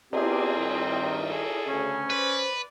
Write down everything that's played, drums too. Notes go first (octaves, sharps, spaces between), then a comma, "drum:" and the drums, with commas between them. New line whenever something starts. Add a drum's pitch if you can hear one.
B3 C4 G4 G#4 D5, drum: cymbal
G2 D#3
G#4 A4
D2 C#3 C#4
B4 C5 D5